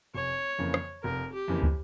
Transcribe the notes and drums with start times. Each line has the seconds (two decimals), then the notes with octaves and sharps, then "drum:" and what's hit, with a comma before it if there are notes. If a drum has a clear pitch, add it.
0.14 F1 C#5
0.59 F2 C#3 E3 A#3
0.74 drum: rim click
1.03 F1 A#4
1.33 G4
1.48 F2 C#3 E3 A#3
1.63 drum: kick